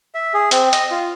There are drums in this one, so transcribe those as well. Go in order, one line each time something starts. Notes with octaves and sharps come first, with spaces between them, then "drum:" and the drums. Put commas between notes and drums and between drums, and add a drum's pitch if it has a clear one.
E5
G#4
C4, drum: hi-hat
D#5, drum: hi-hat
F4